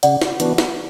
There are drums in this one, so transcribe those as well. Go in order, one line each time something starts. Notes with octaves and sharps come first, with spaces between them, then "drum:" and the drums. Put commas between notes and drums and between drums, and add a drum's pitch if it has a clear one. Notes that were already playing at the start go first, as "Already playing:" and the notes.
C#3 D5 F#5, drum: hi-hat
drum: snare
E3 B3 D4 F#4, drum: hi-hat
drum: snare